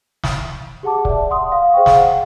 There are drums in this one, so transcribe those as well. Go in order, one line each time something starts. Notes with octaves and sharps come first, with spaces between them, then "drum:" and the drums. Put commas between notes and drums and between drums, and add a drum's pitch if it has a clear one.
drum: snare
G4 G#4 F#5 A5 D6
D5 E5, drum: kick C#1
F#5 C6 D#6
F5
G#4 C5 F5 G5 C#6
drum: snare
F#5